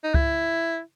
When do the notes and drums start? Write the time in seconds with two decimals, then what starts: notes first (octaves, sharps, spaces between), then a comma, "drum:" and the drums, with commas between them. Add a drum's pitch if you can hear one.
0.04 D#4
0.14 E4, drum: kick C#2